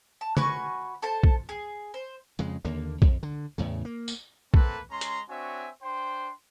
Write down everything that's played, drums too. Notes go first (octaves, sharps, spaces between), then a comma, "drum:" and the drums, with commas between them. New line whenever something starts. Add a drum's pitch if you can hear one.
A5
F#4 B4 G#5 C#6, drum: tom
A4 C5 A5
drum: kick
G#4
C5
F2 C#3 G#3
D#2 D3 A#3
F2, drum: kick
D3
E2 A2 C#3
A#3
drum: tambourine
A#3 C4 A4 B4, drum: kick
G#3 C#4 A#5 C6
drum: hi-hat
C4 D4 F#4 C#5 E5 G#5
D4 C5 G5 C6